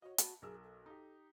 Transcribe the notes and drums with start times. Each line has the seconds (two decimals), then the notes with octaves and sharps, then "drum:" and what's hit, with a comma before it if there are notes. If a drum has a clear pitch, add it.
0.02 F#4 C#5 D#5
0.18 F#4 A5 B5, drum: hi-hat
0.42 B1 G#4 A#4 E6
0.64 A4
0.86 D#4 G4